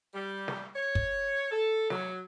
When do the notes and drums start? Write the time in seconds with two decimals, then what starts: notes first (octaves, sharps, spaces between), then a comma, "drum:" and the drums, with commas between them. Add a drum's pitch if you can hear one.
0.14 G3
0.48 drum: snare
0.76 C#5
0.95 drum: kick
1.50 A4
1.90 F#3, drum: snare